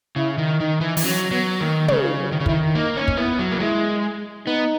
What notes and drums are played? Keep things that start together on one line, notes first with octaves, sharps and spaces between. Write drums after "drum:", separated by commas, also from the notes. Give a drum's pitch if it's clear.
C#3 E4
D#3
D#3 D#4
E3
E3, drum: open hi-hat
F#3 C#4
F#3 B3
D#3 A#3
C#3 G#3, drum: tom
F#3
D#3
C#3
D#3 E4, drum: kick
A#3 D#4
C#4
drum: kick
B3 E4
F#3
A#3
G#3 E4
B3 D#4